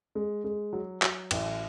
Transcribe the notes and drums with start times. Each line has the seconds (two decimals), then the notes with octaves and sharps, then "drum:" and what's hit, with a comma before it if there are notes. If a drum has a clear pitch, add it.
0.15 G#3
0.44 G#3
0.73 F#3
1.02 F#3, drum: clap
1.31 A1, drum: cymbal